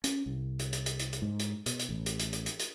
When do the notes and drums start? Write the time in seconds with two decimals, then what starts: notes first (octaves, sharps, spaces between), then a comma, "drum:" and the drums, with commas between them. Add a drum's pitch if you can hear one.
0.04 C#4, drum: hi-hat
0.26 C2
0.59 drum: hi-hat
0.73 drum: hi-hat
0.86 drum: hi-hat
0.99 drum: hi-hat
1.13 drum: hi-hat
1.22 G#2
1.39 drum: hi-hat
1.66 B2, drum: hi-hat
1.79 drum: hi-hat
1.89 A1
2.06 drum: hi-hat
2.19 drum: hi-hat
2.33 drum: hi-hat
2.46 drum: hi-hat
2.59 drum: hi-hat